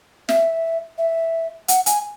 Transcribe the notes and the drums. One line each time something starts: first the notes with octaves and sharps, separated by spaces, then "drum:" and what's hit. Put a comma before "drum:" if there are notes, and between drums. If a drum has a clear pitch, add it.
E5, drum: snare
E5
F#5, drum: hi-hat
G#5, drum: hi-hat